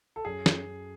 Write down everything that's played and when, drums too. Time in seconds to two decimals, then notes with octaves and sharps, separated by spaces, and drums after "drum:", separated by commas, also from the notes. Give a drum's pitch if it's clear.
0.16 A4
0.25 F#2 G#4
0.46 drum: snare